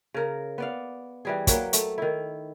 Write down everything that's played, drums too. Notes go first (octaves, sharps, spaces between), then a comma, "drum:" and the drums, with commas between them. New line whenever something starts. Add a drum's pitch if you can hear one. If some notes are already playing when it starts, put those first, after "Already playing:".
C#3 A#4
B3 D5 F5
E3 G3 G#4
F#3 A#3 B4 G5, drum: kick, hi-hat
A3, drum: hi-hat
D#3 E4